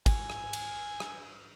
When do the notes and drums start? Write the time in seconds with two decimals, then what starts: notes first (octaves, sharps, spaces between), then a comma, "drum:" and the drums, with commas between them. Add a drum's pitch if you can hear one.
0.06 G#5, drum: kick, cymbal
0.30 drum: rim click
0.53 drum: cymbal
1.00 drum: rim click